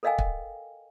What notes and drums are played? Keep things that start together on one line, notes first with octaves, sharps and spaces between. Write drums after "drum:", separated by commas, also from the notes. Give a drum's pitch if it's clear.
A4 A#4 D#5 F5 G5 G#5
drum: kick